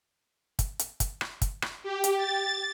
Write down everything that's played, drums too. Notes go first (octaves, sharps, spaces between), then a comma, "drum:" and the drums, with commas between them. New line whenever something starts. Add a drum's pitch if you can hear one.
drum: kick, hi-hat
drum: hi-hat
drum: kick, hi-hat
drum: rim click
drum: kick, hi-hat
drum: rim click
G4
drum: hi-hat
A6